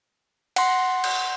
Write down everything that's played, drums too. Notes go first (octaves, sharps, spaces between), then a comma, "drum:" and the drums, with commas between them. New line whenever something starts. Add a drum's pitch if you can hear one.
F#5 C6, drum: cymbal
drum: cymbal